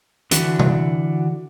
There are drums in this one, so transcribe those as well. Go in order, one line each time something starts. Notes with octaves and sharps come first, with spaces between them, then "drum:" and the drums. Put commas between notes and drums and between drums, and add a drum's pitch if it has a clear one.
D3 E3 D4 F#4, drum: hi-hat
drum: tom C3